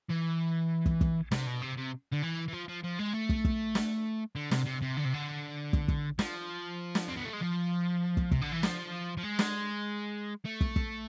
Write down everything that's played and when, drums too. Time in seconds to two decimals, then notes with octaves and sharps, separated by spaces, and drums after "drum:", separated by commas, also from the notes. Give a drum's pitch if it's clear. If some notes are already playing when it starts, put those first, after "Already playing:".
0.09 E3
0.86 drum: kick
1.01 drum: kick
1.32 C3, drum: snare
1.47 B2
1.62 C3
1.78 C3
2.13 D3
2.23 E3
2.48 E3
2.53 F3
2.69 F3
2.84 F3
2.99 G#3
3.14 A3
3.29 drum: kick
3.45 drum: kick
3.75 drum: snare
4.36 D3
4.51 C3, drum: snare
4.66 C3
4.82 C3
4.97 D3
5.05 C3
5.13 D3
5.73 drum: kick
5.88 drum: kick
6.19 F3, drum: snare
6.95 drum: snare
7.08 C4
7.16 B3
7.25 A3
7.33 G#3
7.41 F3
8.17 drum: kick
8.31 C3, drum: kick
8.42 D3
8.52 E3
8.63 F3, drum: snare
9.18 F3
9.23 G#3
9.39 drum: snare
10.45 A3
10.61 drum: kick
10.76 drum: kick